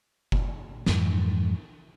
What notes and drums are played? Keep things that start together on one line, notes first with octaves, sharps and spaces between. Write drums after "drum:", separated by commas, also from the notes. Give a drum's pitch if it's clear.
drum: kick F#1
F2 G#2 E3 F#3, drum: snare